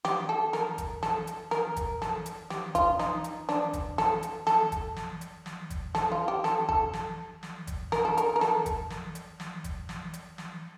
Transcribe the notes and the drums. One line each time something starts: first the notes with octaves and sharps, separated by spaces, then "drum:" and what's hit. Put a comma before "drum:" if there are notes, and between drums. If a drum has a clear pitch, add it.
G4, drum: snare
A4
A#4, drum: snare
drum: kick G1, hi-hat
A4, drum: snare
drum: hi-hat
A#4, drum: snare
drum: kick G1, hi-hat
A4, drum: snare
drum: hi-hat
G4, drum: snare
F4, drum: kick G1, hi-hat
D#4, drum: snare
drum: hi-hat
D4, drum: snare
drum: kick G1, hi-hat
A4, drum: snare
drum: hi-hat
A4, drum: snare
drum: kick G1, hi-hat
drum: snare
drum: hi-hat
drum: snare
drum: kick G1, hi-hat
A4, drum: snare
F4
G4
A4, drum: snare
A4, drum: kick G1
drum: snare
drum: snare
drum: kick G1, hi-hat
A#4, drum: snare
A4
A#4, drum: hi-hat
A#4
A4, drum: snare
drum: kick G1, hi-hat
drum: snare
drum: hi-hat
drum: snare
drum: kick G1, hi-hat
drum: snare
drum: hi-hat
drum: snare